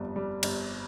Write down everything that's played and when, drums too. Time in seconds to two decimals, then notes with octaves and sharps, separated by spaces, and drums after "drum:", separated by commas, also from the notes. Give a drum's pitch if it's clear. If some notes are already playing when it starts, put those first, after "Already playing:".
Already playing: G1 F2 G3
0.16 G3
0.43 G1, drum: cymbal